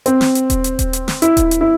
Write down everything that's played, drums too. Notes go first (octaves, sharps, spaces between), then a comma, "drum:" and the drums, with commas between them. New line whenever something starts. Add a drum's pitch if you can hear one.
C4, drum: hi-hat
drum: snare
drum: hi-hat
drum: kick D#1, hi-hat
drum: hi-hat
drum: kick D#1, hi-hat
drum: hi-hat
drum: snare
E4, drum: hi-hat
drum: kick D#1, hi-hat
drum: hi-hat
E4